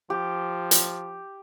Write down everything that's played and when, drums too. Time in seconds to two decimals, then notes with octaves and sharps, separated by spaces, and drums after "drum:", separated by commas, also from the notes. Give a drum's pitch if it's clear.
0.10 F3 G4
0.71 drum: hi-hat